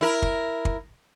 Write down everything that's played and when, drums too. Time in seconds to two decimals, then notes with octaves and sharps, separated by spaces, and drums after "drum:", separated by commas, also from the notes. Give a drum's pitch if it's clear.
0.01 E4 A#4
0.22 drum: kick
0.65 drum: kick